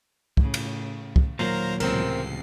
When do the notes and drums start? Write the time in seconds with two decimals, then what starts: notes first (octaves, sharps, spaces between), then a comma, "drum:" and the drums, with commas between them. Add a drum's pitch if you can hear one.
0.37 A2 C#3, drum: kick
0.54 drum: cymbal
1.16 drum: kick
1.39 D#2 A#2 F#3 A#4 C5 F5 A#5
1.80 C#2 A2 C3 E3 C4 A#4 C7, drum: cymbal